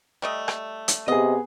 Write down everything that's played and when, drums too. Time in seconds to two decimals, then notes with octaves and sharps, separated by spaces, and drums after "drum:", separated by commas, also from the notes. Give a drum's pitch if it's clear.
0.22 G3 A3 D#5
0.48 drum: rim click
0.88 drum: hi-hat
1.08 C3 B3 G#4 D#5